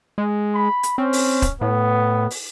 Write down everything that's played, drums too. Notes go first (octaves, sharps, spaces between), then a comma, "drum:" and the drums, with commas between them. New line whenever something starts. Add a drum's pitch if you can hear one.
G#3
B5
drum: hi-hat
C4 C#4
drum: open hi-hat
drum: kick, hi-hat
A2 B3
drum: open hi-hat